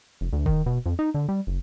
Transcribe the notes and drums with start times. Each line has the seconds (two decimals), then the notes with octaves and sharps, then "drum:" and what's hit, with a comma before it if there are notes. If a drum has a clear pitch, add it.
0.21 F1
0.33 D2
0.46 D#3, drum: kick D#1
0.66 B2
0.86 F2
0.99 D#4
1.14 D3
1.29 G3
1.47 F#1